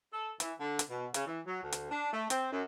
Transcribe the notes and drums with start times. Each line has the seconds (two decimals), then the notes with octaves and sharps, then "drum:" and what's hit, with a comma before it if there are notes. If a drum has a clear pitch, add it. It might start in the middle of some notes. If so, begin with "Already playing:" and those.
0.13 A4
0.40 E3, drum: hi-hat
0.60 D3
0.79 drum: hi-hat
0.90 B2
1.14 C#3, drum: hi-hat
1.27 E3
1.47 F#3
1.62 D2
1.72 drum: hi-hat
1.91 D4
2.13 A3
2.30 C4, drum: hi-hat
2.51 F#2